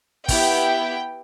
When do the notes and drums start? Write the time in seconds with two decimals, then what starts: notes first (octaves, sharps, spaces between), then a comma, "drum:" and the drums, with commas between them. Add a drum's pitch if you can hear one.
0.28 B3 E4 G4 G5, drum: kick, open hi-hat